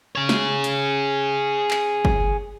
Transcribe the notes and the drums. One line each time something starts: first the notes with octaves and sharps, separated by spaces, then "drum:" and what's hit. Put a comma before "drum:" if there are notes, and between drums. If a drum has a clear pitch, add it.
G#4 C#5
drum: snare
drum: hi-hat
drum: clap
drum: kick